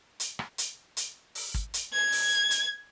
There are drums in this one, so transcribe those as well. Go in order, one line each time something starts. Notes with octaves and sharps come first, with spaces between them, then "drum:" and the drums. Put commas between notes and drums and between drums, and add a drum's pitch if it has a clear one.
drum: hi-hat
drum: rim click
drum: hi-hat
drum: hi-hat
drum: open hi-hat
drum: kick
drum: hi-hat
G#6
drum: open hi-hat
drum: hi-hat